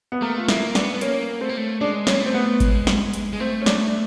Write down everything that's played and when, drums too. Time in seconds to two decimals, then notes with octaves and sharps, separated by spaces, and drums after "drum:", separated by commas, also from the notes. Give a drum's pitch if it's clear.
0.12 B3
0.22 A3 A#3
0.38 F4
0.48 A#3 E4, drum: snare
0.75 B3 D4, drum: snare
0.94 B3
1.01 A#3 C#4, drum: hi-hat
1.41 A3 C4
1.49 A#3
1.57 A3
1.81 G#3 D4
2.07 C#4, drum: snare
2.15 A#3
2.20 A3
2.26 C4
2.34 B3
2.60 G#3, drum: kick G#1, hi-hat
2.87 drum: snare
3.13 drum: hi-hat
3.33 G#3
3.40 A3 C4
3.61 C#4
3.66 D4, drum: snare
3.86 D4